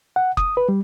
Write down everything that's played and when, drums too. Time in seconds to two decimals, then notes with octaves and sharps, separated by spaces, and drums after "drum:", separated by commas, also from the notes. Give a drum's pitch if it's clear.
0.16 F#5
0.37 D#6, drum: kick F#1
0.57 B4
0.69 G3